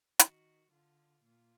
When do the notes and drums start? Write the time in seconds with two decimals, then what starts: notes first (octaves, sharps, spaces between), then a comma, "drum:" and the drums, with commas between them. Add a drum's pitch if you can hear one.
0.19 D#3 F#4, drum: hi-hat
0.72 D3 F4
1.24 A#2 F4